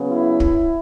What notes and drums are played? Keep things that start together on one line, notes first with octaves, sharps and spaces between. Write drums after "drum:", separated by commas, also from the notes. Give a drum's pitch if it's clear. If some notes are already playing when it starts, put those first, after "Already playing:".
Already playing: C#3 F#3 B3
E4
drum: kick